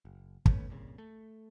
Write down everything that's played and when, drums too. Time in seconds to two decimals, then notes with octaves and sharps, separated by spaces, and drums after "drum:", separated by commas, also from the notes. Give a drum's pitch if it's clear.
0.05 F#1
0.46 A3 B3 C#4, drum: kick
0.69 G1 C2 A#2 C#3
0.98 A3